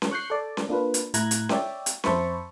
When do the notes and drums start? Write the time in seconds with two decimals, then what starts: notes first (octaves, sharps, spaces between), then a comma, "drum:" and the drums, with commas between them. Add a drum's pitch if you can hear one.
0.02 drum: snare C#4
0.11 C#6 F#6 G6 C7
0.30 A4 D5
0.57 drum: snare C#4
0.69 A#3 D4 F4 B4
0.94 drum: hi-hat
1.14 A2 E4 A#5 F#6 G#6, drum: hi-hat
1.31 drum: hi-hat
1.49 C#5 D5 E5 G5, drum: snare C#4
1.86 drum: hi-hat
2.04 F2 C5 E5 A5 B5 C#6, drum: snare C#4